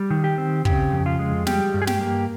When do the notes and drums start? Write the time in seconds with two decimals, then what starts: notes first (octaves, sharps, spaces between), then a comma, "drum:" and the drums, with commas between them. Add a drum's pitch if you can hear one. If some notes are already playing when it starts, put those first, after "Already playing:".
Already playing: G3
0.10 D#3
0.24 G4
0.38 C4
0.65 C#3 G4, drum: kick
0.92 F2
1.06 F4
1.19 G#3
1.47 G3 G4, drum: snare
1.74 G2
1.82 G#4
1.87 G4, drum: snare
2.01 A#3